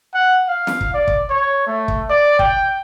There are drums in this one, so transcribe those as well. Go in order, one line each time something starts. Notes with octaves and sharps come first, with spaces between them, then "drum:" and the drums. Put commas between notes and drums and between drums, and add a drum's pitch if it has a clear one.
F#5
F5
drum: snare
drum: kick
D5
drum: kick
C#5
A3
drum: kick
D5
G5, drum: kick